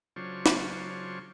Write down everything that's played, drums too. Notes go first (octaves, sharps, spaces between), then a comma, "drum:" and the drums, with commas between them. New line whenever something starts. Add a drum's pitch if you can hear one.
C#3 F#3 D4 F4 C5 C#6
drum: snare